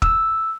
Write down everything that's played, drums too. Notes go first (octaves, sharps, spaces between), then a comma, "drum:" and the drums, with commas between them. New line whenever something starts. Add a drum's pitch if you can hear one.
E6, drum: kick